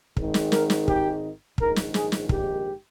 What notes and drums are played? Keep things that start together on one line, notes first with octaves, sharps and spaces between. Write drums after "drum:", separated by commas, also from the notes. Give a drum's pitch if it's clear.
G#1 G#2 D#3, drum: kick
drum: snare
A#4, drum: snare
drum: snare
G4, drum: kick
A#1 G#2 D#3 A#4, drum: kick
drum: snare
G#4, drum: snare
drum: snare
G4, drum: kick